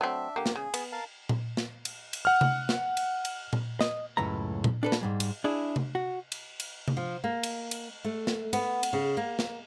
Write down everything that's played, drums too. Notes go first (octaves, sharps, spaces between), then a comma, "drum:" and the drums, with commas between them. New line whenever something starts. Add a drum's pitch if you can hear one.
F#3 A3 C4 D4 E5
D3 A#3 G4
drum: snare
C#3 G#4
B3, drum: cymbal
A#4 F5 A5
drum: tom A#2
drum: snare
drum: cymbal
drum: cymbal
F#5 F6
drum: tom C3
drum: snare
drum: cymbal
drum: cymbal
drum: tom A#2
D#5, drum: snare
C#2 F#2 A2 B4 A#5
drum: tom A#2
D4 A4 B4
drum: snare
G#2 G3 G#3
drum: cymbal
D4 E4 G#4
drum: tom C3
F#4
drum: cymbal
drum: cymbal
drum: tom C3
F3
A#3
drum: cymbal
drum: cymbal
A3
drum: snare
B3, drum: cymbal
drum: cymbal
C#3
A#3
drum: snare